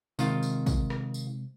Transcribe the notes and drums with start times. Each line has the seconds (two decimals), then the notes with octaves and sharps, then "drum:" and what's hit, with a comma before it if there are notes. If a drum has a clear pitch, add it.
0.19 C3 D#3 G#3 C4 F4, drum: tambourine
0.43 drum: tambourine
0.66 drum: kick, tambourine
0.90 drum: rim click
1.14 drum: tambourine